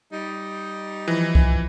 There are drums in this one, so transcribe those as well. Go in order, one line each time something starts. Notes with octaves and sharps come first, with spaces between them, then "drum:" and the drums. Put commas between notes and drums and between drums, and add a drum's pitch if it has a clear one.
G3 D#4
E3 F3 A#6
drum: kick C2